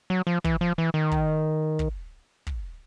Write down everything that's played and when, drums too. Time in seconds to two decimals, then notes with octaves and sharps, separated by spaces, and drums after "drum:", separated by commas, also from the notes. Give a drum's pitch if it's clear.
0.10 F#3
0.27 F3
0.44 E3, drum: kick
0.61 F3
0.78 E3
0.94 D#3
1.11 drum: kick
1.79 drum: kick
2.47 drum: kick